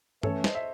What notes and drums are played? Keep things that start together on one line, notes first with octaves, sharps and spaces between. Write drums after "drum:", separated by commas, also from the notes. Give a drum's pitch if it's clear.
E3 A3 C#4 A4 C#5, drum: tom G2
C5 D#5, drum: snare
E5